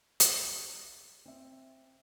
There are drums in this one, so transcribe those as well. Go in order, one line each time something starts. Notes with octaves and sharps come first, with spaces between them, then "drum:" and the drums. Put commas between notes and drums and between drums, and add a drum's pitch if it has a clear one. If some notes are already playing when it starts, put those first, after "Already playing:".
drum: hi-hat
C4 E5